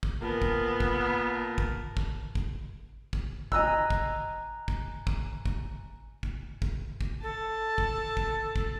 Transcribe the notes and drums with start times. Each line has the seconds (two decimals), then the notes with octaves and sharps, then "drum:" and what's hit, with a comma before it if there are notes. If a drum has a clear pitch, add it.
0.03 drum: kick
0.22 A#2 B3 A#4 A5
0.42 drum: kick
0.80 drum: kick
1.58 drum: kick
1.97 drum: kick
2.35 drum: kick
3.13 drum: kick
3.52 D#5 G#5 A#5 E6 F#6, drum: kick
3.90 drum: kick
4.68 drum: kick
5.07 drum: kick
5.46 drum: kick
6.23 drum: kick
6.62 drum: kick
7.01 drum: kick
7.23 A4 A5
7.78 drum: kick
8.17 drum: kick
8.56 drum: kick